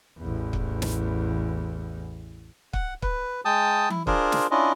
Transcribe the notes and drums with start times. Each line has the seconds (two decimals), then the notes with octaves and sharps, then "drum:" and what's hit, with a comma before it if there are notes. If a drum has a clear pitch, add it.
0.18 A1 E2
0.53 drum: kick
0.82 drum: snare
2.73 F#5, drum: kick
3.02 B4, drum: kick
3.45 G#3 G5 A5 D#6
3.90 E4, drum: tom E3
4.07 D4 F4 G#4 A#4 C5, drum: kick
4.32 drum: snare
4.51 C#4 D4 E4 F4 D#5